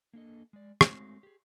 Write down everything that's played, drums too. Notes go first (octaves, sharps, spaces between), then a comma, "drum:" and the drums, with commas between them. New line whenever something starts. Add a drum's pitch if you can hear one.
A#3 D4 A4 D#5
G#3 D5
G#3 A3 C4 F#4, drum: rim click
G4 G#4